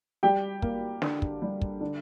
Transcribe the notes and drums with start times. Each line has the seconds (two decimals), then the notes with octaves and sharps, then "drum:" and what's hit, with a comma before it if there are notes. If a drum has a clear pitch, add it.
0.23 G3 G4 G5
0.62 A#3, drum: kick
1.02 D3, drum: snare
1.22 drum: kick
1.42 G3
1.62 drum: kick
1.81 D3